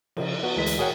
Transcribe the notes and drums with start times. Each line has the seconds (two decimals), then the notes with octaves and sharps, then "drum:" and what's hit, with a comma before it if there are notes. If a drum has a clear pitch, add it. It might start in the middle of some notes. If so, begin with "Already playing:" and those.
0.17 C#3 F3, drum: cymbal
0.43 B3 F#4
0.56 D2 E3 G#3 B6
0.66 drum: hi-hat
0.78 F#4 G#4 A#4 C#5 F#5 G5